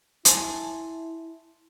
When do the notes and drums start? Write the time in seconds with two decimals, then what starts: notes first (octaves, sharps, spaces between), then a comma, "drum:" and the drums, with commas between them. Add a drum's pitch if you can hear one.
0.25 E4 G#5 A5 C6, drum: hi-hat